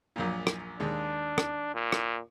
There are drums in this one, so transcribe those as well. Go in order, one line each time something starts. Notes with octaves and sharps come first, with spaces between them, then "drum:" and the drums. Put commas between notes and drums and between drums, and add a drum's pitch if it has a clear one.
A#1 F#2 A#2
drum: rim click
D#2 G#3 D4
drum: rim click
A#2
drum: rim click